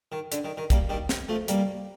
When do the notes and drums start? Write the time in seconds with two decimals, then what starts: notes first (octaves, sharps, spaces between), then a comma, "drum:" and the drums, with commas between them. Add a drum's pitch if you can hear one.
0.12 D#3
0.32 D3, drum: hi-hat
0.44 D#3
0.57 D#3
0.70 G3 A#3, drum: kick, hi-hat
0.89 D#3 G3
1.09 drum: snare
1.28 F3 A3
1.48 G3 A#3, drum: hi-hat